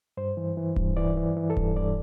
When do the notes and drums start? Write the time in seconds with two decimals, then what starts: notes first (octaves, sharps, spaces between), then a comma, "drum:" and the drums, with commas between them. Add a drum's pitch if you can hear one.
0.17 G2 C5
0.37 E3
0.57 E3
0.76 G2, drum: kick D1
0.97 E3 D5
1.16 E3
1.37 E3
1.50 A4
1.57 G2, drum: kick D1
1.76 G2 D5